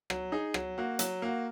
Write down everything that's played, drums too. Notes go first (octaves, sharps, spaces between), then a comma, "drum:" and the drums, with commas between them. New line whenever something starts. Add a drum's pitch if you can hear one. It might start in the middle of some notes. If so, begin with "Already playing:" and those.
F#3, drum: rim click
D#4 G#4
F#3, drum: rim click
A#3 F#4
F#3, drum: hi-hat
A#3 F#4